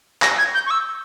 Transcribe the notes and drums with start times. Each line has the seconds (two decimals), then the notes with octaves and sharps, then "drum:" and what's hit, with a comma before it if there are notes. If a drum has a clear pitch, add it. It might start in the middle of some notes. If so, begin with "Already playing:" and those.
0.22 A#6, drum: clap
0.38 G#6
0.54 G6
0.66 C#6
0.71 E6